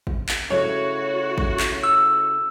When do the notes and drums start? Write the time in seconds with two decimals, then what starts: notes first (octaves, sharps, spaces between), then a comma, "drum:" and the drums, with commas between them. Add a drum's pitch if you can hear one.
0.07 drum: kick
0.29 drum: clap
0.50 C#3 A3 E4 F#4 C#5
1.38 drum: kick
1.59 drum: clap
1.83 E6